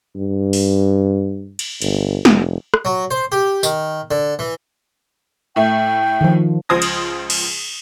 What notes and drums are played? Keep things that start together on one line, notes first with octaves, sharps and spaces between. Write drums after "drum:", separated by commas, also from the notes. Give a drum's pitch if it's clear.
G2
drum: open hi-hat
drum: cymbal
G1, drum: cymbal
F1, drum: snare
drum: rim click
F#3
C5
G4
D#3, drum: tambourine
D3
E3
A2 A3 G5
D#3 F3
C#2 F3 C5 D#6 G#6 A#6
drum: cymbal
drum: cymbal